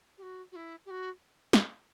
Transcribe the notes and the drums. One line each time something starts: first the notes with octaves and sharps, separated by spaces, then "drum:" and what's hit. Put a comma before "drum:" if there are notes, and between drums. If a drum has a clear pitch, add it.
G4
F#4
F#4
E4
G4
F#4
drum: snare